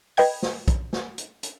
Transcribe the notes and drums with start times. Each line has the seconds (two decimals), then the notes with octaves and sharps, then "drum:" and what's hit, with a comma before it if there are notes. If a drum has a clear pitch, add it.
0.17 B4 D#5 G5 G#6, drum: open hi-hat
0.42 drum: snare
0.68 drum: kick, hi-hat
0.93 drum: snare
1.18 drum: hi-hat
1.43 drum: hi-hat